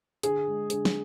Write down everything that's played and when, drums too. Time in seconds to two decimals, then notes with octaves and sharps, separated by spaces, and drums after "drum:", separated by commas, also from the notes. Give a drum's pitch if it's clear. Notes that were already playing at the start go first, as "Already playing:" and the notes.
0.23 D3 G#4, drum: hi-hat
0.47 G#3
0.70 D3 G#4, drum: hi-hat
0.85 drum: snare